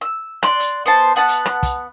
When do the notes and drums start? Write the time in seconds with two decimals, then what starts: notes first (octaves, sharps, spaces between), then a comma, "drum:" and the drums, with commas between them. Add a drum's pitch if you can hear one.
0.01 E6
0.43 D5 C6 F#6, drum: rim click
0.60 drum: hi-hat
0.86 B3 C5 A5
1.16 B3 F#5 A5 F#6
1.28 drum: hi-hat
1.45 drum: rim click
1.63 drum: kick, hi-hat